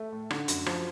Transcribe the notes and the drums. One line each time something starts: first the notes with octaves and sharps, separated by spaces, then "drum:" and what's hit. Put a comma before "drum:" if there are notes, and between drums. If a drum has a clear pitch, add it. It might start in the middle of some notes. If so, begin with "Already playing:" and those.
Already playing: A3
A2
D3, drum: rim click
F#2, drum: hi-hat
F3, drum: rim click